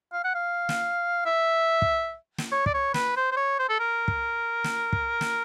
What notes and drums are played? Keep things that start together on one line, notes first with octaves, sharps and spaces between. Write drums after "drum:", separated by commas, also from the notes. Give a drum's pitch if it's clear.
F5
F#5
F5
drum: snare
E5
drum: kick
drum: snare
C#5
D5, drum: kick
C#5
B4, drum: snare
C5
C5
C#5
C5
A4
A#4
drum: kick
drum: snare
drum: kick
drum: snare